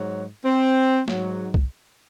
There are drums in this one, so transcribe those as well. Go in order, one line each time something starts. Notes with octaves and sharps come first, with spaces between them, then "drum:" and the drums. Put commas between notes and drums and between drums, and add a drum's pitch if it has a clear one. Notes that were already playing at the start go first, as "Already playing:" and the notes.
Already playing: G#2 F#3
C4
G#2 F#3, drum: snare
drum: kick C2